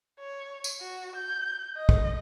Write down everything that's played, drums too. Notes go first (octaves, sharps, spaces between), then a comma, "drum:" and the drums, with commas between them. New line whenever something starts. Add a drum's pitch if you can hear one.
C#5
drum: tambourine
F#4
G6
D#5
drum: kick